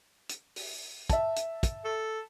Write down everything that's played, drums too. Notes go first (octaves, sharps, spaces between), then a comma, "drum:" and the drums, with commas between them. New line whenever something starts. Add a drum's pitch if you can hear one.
drum: hi-hat
drum: open hi-hat
E5 A5, drum: kick, hi-hat
drum: hi-hat
drum: kick, hi-hat
A4